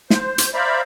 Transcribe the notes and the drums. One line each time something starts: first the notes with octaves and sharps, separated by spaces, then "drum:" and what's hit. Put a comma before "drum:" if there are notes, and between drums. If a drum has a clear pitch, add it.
C5, drum: snare
drum: hi-hat
C5 D5 E5 F5 A#5 B5